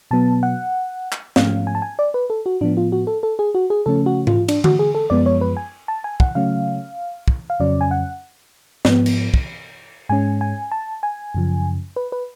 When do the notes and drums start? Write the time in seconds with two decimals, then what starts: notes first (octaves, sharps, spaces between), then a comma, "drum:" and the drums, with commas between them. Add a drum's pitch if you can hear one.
0.11 B2 F#3 B3 A5
0.43 F#5
1.12 drum: clap
1.36 G#2 F3 A3 C#4 F5, drum: snare
1.67 G#5
1.75 A5
1.82 G#5
1.99 D5
2.14 B4
2.30 A4
2.46 F#4
2.61 A2 F3 B3 D4
2.77 F4
2.92 F#4
3.07 A4
3.23 A4
3.39 G#4
3.55 F#4
3.70 G#4
3.86 C#3 F3 A3 C#4 A4
4.06 F#4
4.27 F4, drum: tom G#2
4.48 D4, drum: cymbal
4.64 F#4, drum: tom D3
4.79 G#4
4.95 A4
5.10 F#2 F3 G#3 B3 D5
5.26 C#5
5.41 B4
5.57 G#5
5.88 A5
6.04 G#5
6.20 F#5, drum: kick
6.35 C#3 F#3 A3 C#4 F5
7.28 drum: kick
7.50 F5
7.60 F2 C#3 F#3 C#4 D5
7.81 G#5
7.91 F#5
8.85 G#2 F3 B3, drum: snare
9.06 drum: cymbal
9.34 drum: kick
10.09 G#2 G#3 C#4 G#5
10.41 G#5
10.72 A5
11.03 G#5
11.35 F#2 C#3 F3
11.96 B4
12.12 B4